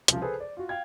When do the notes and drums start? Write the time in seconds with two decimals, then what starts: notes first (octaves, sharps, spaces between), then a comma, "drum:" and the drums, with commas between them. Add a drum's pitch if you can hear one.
0.08 C2 C#3 F3, drum: hi-hat
0.21 G#4 A4 B4 C5
0.40 D5
0.57 F4 F#4
0.69 F5 G5 G#6